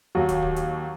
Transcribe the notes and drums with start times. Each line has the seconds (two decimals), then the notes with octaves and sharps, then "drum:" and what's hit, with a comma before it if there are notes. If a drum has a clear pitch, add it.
0.15 D#2 F#3
0.29 drum: kick, hi-hat
0.43 drum: kick
0.56 drum: hi-hat